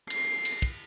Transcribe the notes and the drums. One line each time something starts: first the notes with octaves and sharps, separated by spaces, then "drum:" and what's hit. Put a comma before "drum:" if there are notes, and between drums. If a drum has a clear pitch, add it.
C7, drum: cymbal
drum: cymbal
drum: kick